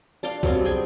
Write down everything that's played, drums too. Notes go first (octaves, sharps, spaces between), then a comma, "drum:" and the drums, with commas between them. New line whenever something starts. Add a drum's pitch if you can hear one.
D4 D5 F5 C6
F#3 G3 B3 C4, drum: kick B1
G#4 G5 G#5